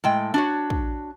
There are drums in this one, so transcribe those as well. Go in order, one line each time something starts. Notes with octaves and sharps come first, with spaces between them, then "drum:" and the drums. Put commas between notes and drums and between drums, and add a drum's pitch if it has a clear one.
A2 G#3 G5
D4 F#4 C#5
drum: kick